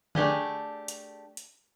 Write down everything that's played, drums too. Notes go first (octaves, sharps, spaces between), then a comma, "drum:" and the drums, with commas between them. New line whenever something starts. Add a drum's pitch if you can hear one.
A3 D4 G4 G#4, drum: tom D3
drum: hi-hat
drum: hi-hat